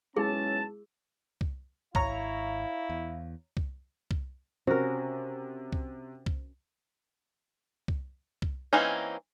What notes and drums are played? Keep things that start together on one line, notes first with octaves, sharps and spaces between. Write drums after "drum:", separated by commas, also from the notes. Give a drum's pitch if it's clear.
B1 G#3 C#4 E4 G#4 A5 E6
drum: kick C2
G#1 E4 C#5 F5 A#5, drum: kick C2
E2
drum: kick C2
drum: kick C2
C3 C#4 F#4 A#4 C5
drum: kick C2
drum: kick C2
drum: kick C2
drum: kick C2
E3 A#3 C4 C#4 D#4